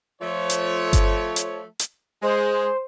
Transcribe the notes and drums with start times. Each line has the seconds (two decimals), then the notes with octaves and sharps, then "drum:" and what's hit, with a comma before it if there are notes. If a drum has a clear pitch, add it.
0.21 F3 A3 C#5
0.50 drum: hi-hat
0.93 drum: kick G1, hi-hat
1.36 drum: hi-hat
1.79 drum: hi-hat
2.23 G#3 C5